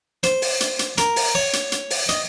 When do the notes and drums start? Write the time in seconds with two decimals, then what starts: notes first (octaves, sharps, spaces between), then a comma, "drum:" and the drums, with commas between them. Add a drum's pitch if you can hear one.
0.23 C5, drum: hi-hat
0.42 drum: open hi-hat
0.60 drum: hi-hat
0.79 drum: hi-hat
0.98 A#4, drum: hi-hat
1.16 drum: open hi-hat
1.35 C#5
1.53 drum: hi-hat
1.72 drum: hi-hat
1.90 drum: open hi-hat
2.09 D#5, drum: hi-hat